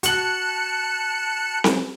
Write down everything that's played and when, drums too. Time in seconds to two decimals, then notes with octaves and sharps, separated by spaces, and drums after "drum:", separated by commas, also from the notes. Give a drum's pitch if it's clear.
0.03 F#4 A5 F#6 C#7 F#7, drum: hi-hat
1.64 drum: snare C4